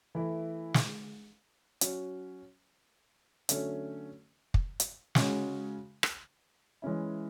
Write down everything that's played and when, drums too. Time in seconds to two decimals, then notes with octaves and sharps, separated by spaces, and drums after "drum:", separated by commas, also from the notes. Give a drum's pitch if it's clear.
0.15 E3 A3 E4
0.74 drum: snare
1.81 F#3 C#4 F#4, drum: hi-hat
3.49 D3 F#3 A3 C#4, drum: hi-hat
4.54 drum: kick
4.80 drum: hi-hat
5.15 C#3 G#3 C#4 F#4, drum: snare
6.03 drum: rim click
6.82 E3 G#3 C#4 E4